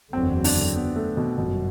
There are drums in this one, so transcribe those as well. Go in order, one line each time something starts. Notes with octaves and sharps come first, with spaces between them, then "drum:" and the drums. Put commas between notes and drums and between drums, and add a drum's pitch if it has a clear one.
F#1 E2 D3 F#3 C4
D4, drum: open hi-hat
B3
A3
B2
G1 F#2 B2